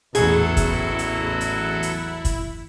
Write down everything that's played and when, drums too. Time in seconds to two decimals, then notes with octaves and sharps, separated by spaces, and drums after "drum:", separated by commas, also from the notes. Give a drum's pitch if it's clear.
0.15 A1 E2 F#3 E4 F#4 G#4 A4, drum: hi-hat
0.57 drum: kick, hi-hat
0.99 drum: hi-hat
1.41 drum: hi-hat
1.83 drum: hi-hat
2.25 drum: kick, hi-hat